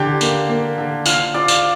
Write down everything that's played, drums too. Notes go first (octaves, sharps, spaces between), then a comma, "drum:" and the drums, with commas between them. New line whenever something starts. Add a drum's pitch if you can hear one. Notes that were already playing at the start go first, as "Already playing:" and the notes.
Already playing: D3 G4 G5
A#3, drum: tambourine
A#3
D3
F4 F5 F6, drum: tambourine
F4 D5 D6
drum: tambourine